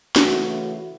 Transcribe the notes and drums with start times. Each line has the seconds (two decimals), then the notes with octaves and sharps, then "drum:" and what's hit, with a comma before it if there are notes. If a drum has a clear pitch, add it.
0.16 C#3 E3 A3 F#4, drum: snare